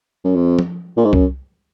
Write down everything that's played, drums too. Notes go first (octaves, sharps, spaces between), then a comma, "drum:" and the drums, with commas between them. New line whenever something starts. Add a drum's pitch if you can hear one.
F#2
F2
drum: tom F3
A#2
G#2
F#2, drum: kick C2